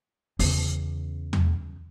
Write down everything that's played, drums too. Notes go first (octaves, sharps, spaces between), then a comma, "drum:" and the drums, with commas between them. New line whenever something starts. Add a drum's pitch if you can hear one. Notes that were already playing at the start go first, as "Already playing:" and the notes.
E2 C#3, drum: open hi-hat
drum: tom E2